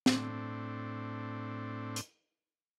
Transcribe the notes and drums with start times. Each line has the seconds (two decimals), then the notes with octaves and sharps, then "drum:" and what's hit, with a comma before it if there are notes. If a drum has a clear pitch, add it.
0.06 A2 C4 D4, drum: snare
1.96 drum: hi-hat